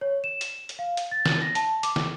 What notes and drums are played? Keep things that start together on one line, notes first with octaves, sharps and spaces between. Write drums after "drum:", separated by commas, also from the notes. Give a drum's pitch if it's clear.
C#5
E7
drum: hi-hat
drum: hi-hat
F5
drum: hi-hat
A6
drum: snare
A#6
A5, drum: hi-hat
D6, drum: hi-hat
drum: snare